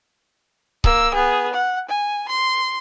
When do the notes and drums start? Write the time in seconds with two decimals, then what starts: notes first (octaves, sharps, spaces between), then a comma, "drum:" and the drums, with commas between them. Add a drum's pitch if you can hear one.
0.84 A#3 E6, drum: kick C#1
1.15 B3 G#4
1.54 F#5
1.89 G#5
2.29 C6